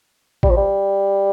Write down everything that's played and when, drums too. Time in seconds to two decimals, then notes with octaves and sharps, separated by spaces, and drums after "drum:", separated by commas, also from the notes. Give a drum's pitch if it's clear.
0.43 G3, drum: kick A1
0.50 F3
0.57 G3